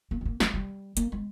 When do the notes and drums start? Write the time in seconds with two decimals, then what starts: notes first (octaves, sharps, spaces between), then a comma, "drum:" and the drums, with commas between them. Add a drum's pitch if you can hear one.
0.11 A#3
0.21 G#3
0.25 A#3
0.40 G#3, drum: snare
0.54 G3
0.97 A#3, drum: hi-hat
1.12 G#3